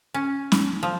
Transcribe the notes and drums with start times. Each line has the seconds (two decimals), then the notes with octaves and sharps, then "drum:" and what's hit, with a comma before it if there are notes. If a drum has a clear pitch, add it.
0.14 C#4
0.52 drum: snare C#4
0.83 F3